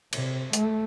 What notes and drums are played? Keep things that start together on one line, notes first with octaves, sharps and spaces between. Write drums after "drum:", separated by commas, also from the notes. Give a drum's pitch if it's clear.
C3, drum: cymbal
A3, drum: hi-hat